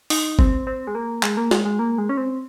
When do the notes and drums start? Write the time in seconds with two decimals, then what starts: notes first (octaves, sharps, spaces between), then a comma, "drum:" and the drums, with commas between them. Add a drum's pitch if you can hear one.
0.10 D#4, drum: open hi-hat
0.39 C4, drum: kick
0.67 C4
0.87 G#3
0.95 A#3
1.23 G#3, drum: clap
1.37 A#3
1.51 G#3, drum: snare
1.65 G#3
1.79 A#3
1.98 G#3
2.09 C#4
2.17 C4